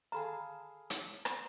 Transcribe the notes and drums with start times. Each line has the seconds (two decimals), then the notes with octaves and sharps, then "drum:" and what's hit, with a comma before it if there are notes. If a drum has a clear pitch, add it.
0.12 G#4 A4 F5 A#5 B5
0.90 drum: hi-hat
1.25 drum: rim click